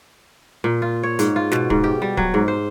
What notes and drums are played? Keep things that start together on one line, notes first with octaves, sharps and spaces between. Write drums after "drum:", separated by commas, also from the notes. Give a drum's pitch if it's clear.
A#2
F4
C#5
G#2, drum: hi-hat
F4
B2, drum: snare
G#2, drum: kick
G4
G3
F#3, drum: kick
G#2
C5